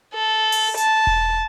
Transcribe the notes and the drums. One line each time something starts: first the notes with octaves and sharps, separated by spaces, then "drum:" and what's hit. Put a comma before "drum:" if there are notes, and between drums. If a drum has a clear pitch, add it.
A4
drum: open hi-hat
A5, drum: hi-hat
drum: kick E1